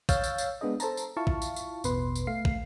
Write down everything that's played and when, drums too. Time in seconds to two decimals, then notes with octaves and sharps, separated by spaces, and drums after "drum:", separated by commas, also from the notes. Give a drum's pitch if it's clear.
0.09 C#5 F5 E6 G6 A6, drum: kick, tambourine
0.24 drum: tambourine
0.38 drum: tambourine
0.61 G#3 B3 D4 G#4 D#5
0.80 A4 C5 A5 A#5, drum: tambourine
0.97 drum: tambourine
1.17 E4 F4 F5 A5 C#6
1.27 drum: kick
1.42 drum: tambourine
1.56 drum: tambourine
1.84 A1 E2 B2 B4 C6, drum: tambourine
2.15 drum: tambourine
2.27 A3 F5 C7
2.45 drum: kick